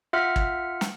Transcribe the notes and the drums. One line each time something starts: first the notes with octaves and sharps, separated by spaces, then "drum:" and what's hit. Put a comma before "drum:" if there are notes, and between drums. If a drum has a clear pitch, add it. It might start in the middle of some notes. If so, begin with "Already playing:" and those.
F4 E5 F#5 F6 B6
drum: kick
drum: snare